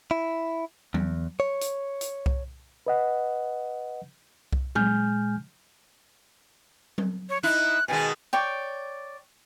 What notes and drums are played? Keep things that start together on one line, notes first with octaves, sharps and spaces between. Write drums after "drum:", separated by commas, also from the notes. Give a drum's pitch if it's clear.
E4
E2, drum: tom F#3
C#5
drum: hi-hat
drum: hi-hat
drum: kick C2
B4 D#5 F#5
drum: kick C2
A#2 G#3 G#5 F6 G6, drum: tom F#3
drum: tom F#3
C#5
D#4 E4 F#6
B2 D#3 G#3 G#5
C#5 D5 G5